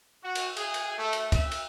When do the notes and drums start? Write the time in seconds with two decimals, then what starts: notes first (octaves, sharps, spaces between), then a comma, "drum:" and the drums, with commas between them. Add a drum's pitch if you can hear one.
0.23 F#4
0.35 drum: cymbal
0.57 G#4, drum: cymbal
0.74 drum: cymbal
0.99 A3
1.13 drum: cymbal
1.32 E5, drum: kick, cymbal
1.52 drum: cymbal